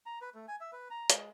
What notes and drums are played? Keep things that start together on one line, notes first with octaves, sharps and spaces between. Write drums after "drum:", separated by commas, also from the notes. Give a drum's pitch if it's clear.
A#5
B4
A3
G#5
E5
B4
A#5
G#3, drum: hi-hat